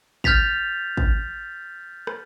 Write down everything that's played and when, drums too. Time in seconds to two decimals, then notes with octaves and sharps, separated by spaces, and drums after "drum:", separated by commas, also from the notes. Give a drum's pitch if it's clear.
0.24 F6 G6 A6 B6 F7, drum: kick
0.97 drum: kick
2.07 drum: rim click